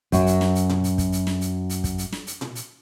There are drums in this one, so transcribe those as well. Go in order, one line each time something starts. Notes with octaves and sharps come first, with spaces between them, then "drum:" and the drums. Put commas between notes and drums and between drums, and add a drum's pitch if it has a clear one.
F#2 F#4, drum: kick, hi-hat
drum: hi-hat
drum: snare
drum: hi-hat
drum: tom A#2
drum: hi-hat
drum: kick, hi-hat
drum: hi-hat
drum: snare
drum: hi-hat
drum: hi-hat
drum: kick, hi-hat
drum: hi-hat
drum: snare
drum: hi-hat
drum: tom A#2
drum: hi-hat